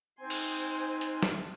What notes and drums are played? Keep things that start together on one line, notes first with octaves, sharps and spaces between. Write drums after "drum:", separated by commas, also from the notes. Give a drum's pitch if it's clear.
C4 D#4 C5 G#5 C6
drum: cymbal
drum: hi-hat
drum: snare